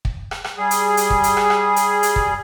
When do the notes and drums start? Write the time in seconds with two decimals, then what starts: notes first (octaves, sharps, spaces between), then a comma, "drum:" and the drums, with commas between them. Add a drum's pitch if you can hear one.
0.05 drum: kick
0.31 drum: rim click
0.44 drum: rim click
0.58 G3 G#4
0.71 drum: hi-hat
0.97 drum: hi-hat
1.10 drum: kick
1.24 drum: hi-hat
1.37 drum: rim click
1.50 drum: rim click
1.76 drum: hi-hat
2.03 drum: hi-hat
2.16 drum: kick